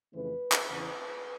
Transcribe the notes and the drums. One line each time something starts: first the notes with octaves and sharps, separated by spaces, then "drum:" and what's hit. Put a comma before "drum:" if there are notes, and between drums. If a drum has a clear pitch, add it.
F2 C#3 E3 A3 B4
drum: clap
E2 C#3 E3 B4